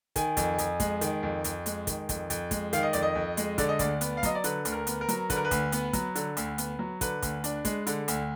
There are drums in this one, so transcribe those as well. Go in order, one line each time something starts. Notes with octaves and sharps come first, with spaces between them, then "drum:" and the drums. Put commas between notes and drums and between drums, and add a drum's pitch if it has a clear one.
D#3 G#5, drum: kick, hi-hat
F2, drum: kick, hi-hat
F2, drum: hi-hat
G#3, drum: kick, hi-hat
D#3, drum: hi-hat
F2
F2, drum: hi-hat
G#3, drum: hi-hat
D#3, drum: kick, hi-hat
F2, drum: kick, hi-hat
F2, drum: hi-hat
G#3, drum: kick, hi-hat
D#3 F5, drum: hi-hat
D#5
F2 D5, drum: hi-hat
D#5
F2
G#3, drum: hi-hat
D3 D5, drum: kick, hi-hat
D#5
D2 D5, drum: kick, hi-hat
B3, drum: hi-hat
F5
F#3 D#5, drum: kick, hi-hat
D5
D3 B4, drum: hi-hat
D2, drum: hi-hat
A#4
B3, drum: hi-hat
A#4
F#3, drum: hi-hat
D3 B4, drum: kick, hi-hat
A#4
B4
D2, drum: kick, hi-hat
B3, drum: hi-hat
F#3, drum: kick, hi-hat
D3, drum: hi-hat
D2, drum: hi-hat
B3, drum: hi-hat
F#3
D3 B4, drum: kick, hi-hat
D2, drum: kick, hi-hat
D4, drum: hi-hat
G#3, drum: kick, hi-hat
D3, drum: hi-hat
D2, drum: hi-hat